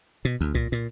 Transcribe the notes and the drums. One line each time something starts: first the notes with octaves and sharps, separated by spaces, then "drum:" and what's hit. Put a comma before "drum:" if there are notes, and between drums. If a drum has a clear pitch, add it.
B2
D2
A#2, drum: kick C2
A#2